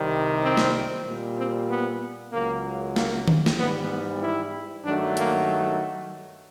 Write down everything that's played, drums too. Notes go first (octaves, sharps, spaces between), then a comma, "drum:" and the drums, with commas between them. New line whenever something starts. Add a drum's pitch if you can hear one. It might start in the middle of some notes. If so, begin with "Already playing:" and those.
Already playing: C2 C3 D#3 G3
C4
drum: snare
A#2 G3
C4
B3
C#2 C#3 F#3 A#3
A#3, drum: snare
drum: tom D#3
drum: snare
G#2 E3 G3 B3
B3
E4
G2 D#3 F#3 A3 D4
A#3, drum: hi-hat